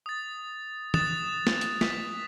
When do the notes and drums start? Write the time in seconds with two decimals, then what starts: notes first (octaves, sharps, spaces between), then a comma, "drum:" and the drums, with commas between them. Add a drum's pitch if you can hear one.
0.06 D#6 A6
0.94 D#6 F#6 A6 E7, drum: tom
1.47 drum: snare
1.61 drum: hi-hat
1.81 A6 B6, drum: snare